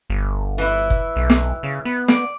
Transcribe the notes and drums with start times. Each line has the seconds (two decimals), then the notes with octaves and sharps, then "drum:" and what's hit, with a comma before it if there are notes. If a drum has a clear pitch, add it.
0.10 G1
0.58 E3 E4
0.90 drum: kick F#1
1.16 B1
1.30 drum: snare
1.63 C#3
1.85 B3
2.08 D5, drum: snare